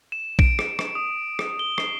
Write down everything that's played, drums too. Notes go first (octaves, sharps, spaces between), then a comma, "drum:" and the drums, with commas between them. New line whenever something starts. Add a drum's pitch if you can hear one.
E7
D7, drum: kick
drum: rim click
drum: rim click
D#6
drum: rim click
G7
C7, drum: rim click